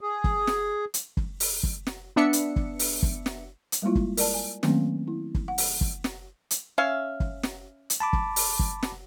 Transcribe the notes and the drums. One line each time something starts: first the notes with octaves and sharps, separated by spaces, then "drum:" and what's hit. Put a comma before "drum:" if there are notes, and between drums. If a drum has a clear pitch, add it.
G#4
drum: kick F#1
drum: snare
drum: hi-hat
drum: kick F#1
drum: open hi-hat
drum: kick F#1
drum: snare
B3 D4 E5 C#7
drum: hi-hat
drum: kick F#1
drum: open hi-hat
drum: kick F#1
drum: snare
drum: hi-hat
G3 G#3 A#3 E4 F4
drum: kick F#1
A#4 D5 A5, drum: open hi-hat
G#5
D#3 F#3 A3 A#3 C4 C#4, drum: snare
E4
drum: kick F#1
F#5
drum: open hi-hat
drum: kick F#1
drum: snare
drum: hi-hat
C#4 E5 F5
drum: kick F#1
drum: snare
drum: hi-hat
A5 B5 D6
drum: kick F#1
drum: open hi-hat
drum: kick F#1
drum: snare